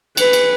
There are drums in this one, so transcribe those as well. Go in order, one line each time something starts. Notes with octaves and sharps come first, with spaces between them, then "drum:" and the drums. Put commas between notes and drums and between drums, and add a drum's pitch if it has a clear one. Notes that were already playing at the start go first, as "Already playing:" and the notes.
B4, drum: cymbal
drum: cymbal